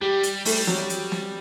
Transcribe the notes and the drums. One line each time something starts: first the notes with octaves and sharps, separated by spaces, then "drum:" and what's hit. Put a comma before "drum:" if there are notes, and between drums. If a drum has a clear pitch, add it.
G3 G4
drum: hi-hat
G3 A3, drum: open hi-hat
F#3, drum: snare
drum: hi-hat
drum: snare